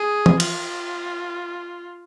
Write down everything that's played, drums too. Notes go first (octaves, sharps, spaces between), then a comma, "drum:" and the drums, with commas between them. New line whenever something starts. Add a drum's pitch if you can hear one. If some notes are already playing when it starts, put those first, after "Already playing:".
Already playing: G#4
drum: tom E3
F4, drum: cymbal